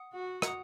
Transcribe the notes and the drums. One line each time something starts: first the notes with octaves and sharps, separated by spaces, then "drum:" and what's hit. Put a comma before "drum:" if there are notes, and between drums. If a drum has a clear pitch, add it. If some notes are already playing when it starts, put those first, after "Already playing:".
Already playing: F#5 D#6
F#4
F#5 A#5 D#6, drum: rim click